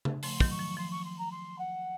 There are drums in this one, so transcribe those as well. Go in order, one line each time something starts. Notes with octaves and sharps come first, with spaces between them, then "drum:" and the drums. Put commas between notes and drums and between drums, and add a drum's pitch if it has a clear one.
drum: tom C#3
F3 A3 C6, drum: open hi-hat
D#3 F#3, drum: kick
C#6
F3
F3 C6
C#6
C6
A#5
C6
F#5